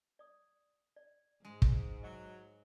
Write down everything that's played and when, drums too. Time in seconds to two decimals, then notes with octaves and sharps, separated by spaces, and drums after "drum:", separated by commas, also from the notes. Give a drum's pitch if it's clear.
0.19 D5 D#6
0.96 D5
1.45 G#2 G#3
1.62 drum: kick
2.03 F#3 D#5